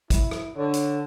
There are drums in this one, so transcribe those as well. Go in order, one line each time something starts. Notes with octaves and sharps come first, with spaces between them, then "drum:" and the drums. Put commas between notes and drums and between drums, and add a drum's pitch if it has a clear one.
E4, drum: kick, hi-hat
drum: rim click
D3 C#5
drum: hi-hat